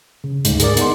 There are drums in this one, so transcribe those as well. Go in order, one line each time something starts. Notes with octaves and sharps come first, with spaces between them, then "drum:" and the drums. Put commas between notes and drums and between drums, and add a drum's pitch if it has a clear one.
C#3
D2 G#2, drum: hi-hat
G#4 A#4 D5, drum: hi-hat
B3 D#4 C6, drum: hi-hat